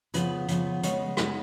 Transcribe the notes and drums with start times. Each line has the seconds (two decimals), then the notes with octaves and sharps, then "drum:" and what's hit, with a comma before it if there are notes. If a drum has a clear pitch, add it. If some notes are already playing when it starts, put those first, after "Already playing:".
0.14 C#3 F3 B3 B4, drum: hi-hat
0.48 C#3 F3 B3, drum: hi-hat
0.83 C#3 G#3 B3 C#5, drum: hi-hat
1.17 C#3 G#3 B3 B4, drum: rim click